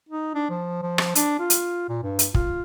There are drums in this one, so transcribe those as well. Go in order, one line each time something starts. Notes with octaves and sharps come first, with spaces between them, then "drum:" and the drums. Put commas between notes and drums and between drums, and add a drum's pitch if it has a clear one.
D#4
D4
F3
F3
drum: rim click
D4, drum: hi-hat
F4
drum: hi-hat
A#2
G2
drum: hi-hat
F4, drum: kick